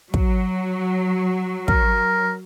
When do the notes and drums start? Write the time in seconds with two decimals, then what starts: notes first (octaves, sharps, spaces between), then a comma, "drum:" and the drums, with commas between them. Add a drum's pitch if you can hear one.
0.14 F#3, drum: kick
1.68 A#4, drum: kick